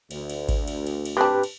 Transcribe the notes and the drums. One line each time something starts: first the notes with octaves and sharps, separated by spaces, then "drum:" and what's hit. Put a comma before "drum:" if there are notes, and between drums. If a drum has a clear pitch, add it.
D2, drum: cymbal
drum: cymbal
drum: kick G#1, cymbal
drum: cymbal
drum: cymbal
drum: cymbal
C4 D4 G4 B4
drum: cymbal